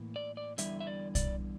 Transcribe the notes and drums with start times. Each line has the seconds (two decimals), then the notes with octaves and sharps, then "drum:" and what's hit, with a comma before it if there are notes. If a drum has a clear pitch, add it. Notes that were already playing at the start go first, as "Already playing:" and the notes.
Already playing: A2 E3 A#3
0.16 D5
0.37 D5
0.58 E2 D3 G3 E4 E5, drum: hi-hat
0.80 E5
0.87 D5
1.15 D5, drum: kick, hi-hat